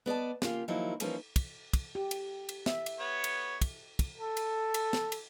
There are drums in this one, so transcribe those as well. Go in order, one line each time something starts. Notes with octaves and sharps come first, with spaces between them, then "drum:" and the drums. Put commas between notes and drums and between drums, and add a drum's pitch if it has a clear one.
B3 D5 D#5 A5
C#3 A#3 F4 G4, drum: snare
D#3 F3 F#3 A#3 D#4 E4
E3 F3 A#3 C#4 D#4, drum: cymbal
drum: kick, cymbal
drum: kick, cymbal
G4
drum: cymbal
drum: cymbal
E5, drum: snare
drum: cymbal
B3 C#5
drum: cymbal
drum: kick, cymbal
drum: kick, cymbal
A4
drum: cymbal
drum: cymbal
drum: snare
drum: cymbal